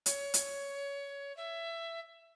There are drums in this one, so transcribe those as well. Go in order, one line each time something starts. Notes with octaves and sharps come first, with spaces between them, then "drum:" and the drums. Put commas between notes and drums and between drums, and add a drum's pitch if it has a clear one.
C#5, drum: hi-hat
drum: hi-hat
E5